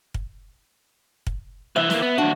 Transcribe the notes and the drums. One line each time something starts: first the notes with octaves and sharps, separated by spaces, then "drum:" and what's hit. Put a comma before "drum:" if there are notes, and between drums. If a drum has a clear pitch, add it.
drum: kick
drum: kick
C2 E3 E5
E3 A#3, drum: snare
B3
D#2 D4 F#4